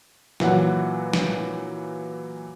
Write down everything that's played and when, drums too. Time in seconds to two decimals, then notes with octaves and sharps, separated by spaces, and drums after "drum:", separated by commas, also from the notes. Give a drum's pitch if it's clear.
0.40 A#2 E3 F#3 F#5, drum: snare
1.13 drum: snare